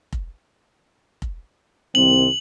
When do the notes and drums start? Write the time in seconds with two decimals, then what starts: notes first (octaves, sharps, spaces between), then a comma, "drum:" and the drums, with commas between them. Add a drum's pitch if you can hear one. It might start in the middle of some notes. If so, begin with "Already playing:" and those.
0.13 drum: kick F1
1.22 drum: kick F1
1.95 C2 D#3 C4 F#7